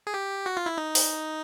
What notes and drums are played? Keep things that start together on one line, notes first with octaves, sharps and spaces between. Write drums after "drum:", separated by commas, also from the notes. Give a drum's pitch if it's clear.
G#4
G4
F#4
F4
E4
D#4
drum: open hi-hat